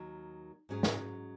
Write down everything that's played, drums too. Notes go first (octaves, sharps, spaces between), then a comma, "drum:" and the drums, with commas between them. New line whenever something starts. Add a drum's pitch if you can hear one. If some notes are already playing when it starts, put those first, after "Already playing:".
Already playing: D#2 D#3 F#3
G#2 F#3 C#4 G#4
drum: snare